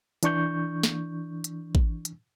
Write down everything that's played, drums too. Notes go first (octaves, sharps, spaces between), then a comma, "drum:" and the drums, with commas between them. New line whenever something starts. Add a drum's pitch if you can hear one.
E3 D4 C#6 G6, drum: hi-hat
drum: snare
drum: hi-hat
drum: kick
drum: hi-hat